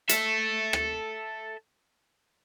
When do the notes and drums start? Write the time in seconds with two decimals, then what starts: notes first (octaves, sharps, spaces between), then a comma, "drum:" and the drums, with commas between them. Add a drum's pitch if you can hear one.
0.09 A4 E5, drum: hi-hat
0.73 drum: rim click